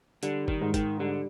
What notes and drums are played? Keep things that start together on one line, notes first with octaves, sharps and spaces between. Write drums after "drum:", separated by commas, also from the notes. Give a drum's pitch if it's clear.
D3 G3, drum: hi-hat
D#3, drum: kick
G#2
D#3, drum: kick, hi-hat
D3 G3